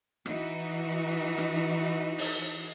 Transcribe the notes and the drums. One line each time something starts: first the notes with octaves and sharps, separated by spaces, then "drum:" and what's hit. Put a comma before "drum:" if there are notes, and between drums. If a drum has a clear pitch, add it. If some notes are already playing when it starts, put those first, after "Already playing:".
E3 D#4 F#4, drum: rim click
drum: rim click
drum: open hi-hat